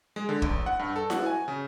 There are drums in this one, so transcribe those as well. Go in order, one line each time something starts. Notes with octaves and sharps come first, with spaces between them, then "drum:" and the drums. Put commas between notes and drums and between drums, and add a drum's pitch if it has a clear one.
G#3
D3
A1, drum: kick
F#5
G2
A4
F#4, drum: snare E4
G#5
C#3